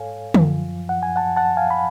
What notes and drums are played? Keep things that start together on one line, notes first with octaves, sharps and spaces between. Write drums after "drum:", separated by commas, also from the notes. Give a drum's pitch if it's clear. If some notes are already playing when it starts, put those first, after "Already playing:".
Already playing: G#2 A4 C#5 F5 G#5
F#2 F3, drum: tom D3
F#5
G#5
F#5 A5
F#5 A5
F5 G#5
B5